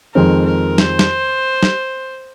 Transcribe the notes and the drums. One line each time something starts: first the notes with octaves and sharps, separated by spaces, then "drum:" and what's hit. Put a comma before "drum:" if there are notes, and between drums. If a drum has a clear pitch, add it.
F2 D#3 G#3 C4 A#4
A#4
C5, drum: snare
drum: snare
drum: snare